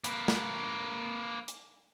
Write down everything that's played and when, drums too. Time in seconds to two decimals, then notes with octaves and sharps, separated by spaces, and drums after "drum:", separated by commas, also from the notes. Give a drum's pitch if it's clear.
0.04 A#3 B4, drum: hi-hat
0.28 drum: snare
1.48 drum: hi-hat